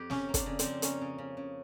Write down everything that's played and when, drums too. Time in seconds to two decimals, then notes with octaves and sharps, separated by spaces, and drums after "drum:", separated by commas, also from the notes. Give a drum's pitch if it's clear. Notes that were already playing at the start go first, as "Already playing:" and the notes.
Already playing: F2 G4
0.10 C#3 C#4, drum: snare
0.29 A#3
0.34 D4, drum: kick, hi-hat
0.46 C#3
0.59 C4, drum: hi-hat
0.65 F3
0.82 A#3 C#4, drum: hi-hat
1.01 C#3
1.18 C#3
1.37 C#3